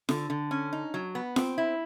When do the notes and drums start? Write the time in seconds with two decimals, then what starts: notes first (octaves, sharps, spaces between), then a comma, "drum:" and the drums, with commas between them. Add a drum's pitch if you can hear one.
0.09 D3, drum: snare F4
0.30 D3
0.51 C#4
0.73 D#4
0.94 F#3
1.15 B3
1.36 C4, drum: snare F4
1.58 E4